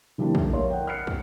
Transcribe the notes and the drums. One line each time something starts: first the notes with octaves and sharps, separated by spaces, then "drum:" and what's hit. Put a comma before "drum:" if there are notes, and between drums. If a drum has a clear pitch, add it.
D3 F3 G3 A#3 D4 E4
A3, drum: kick
A#4 C#5 F5 C6
F#5 G5
F6 F#6 C7 C#7
drum: kick